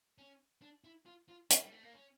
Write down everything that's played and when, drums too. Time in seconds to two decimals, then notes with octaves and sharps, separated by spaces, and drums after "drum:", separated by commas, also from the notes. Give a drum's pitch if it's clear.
0.18 C#4
0.62 D4
0.84 E4
1.06 F4
1.29 F4
1.50 E4, drum: hi-hat
1.62 G3
1.72 A3
1.83 A#3
1.94 C#4